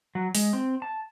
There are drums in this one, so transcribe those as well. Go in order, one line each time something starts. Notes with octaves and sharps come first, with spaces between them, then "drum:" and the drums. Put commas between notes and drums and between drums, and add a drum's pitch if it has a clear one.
F#3
G#3, drum: open hi-hat
C4
A5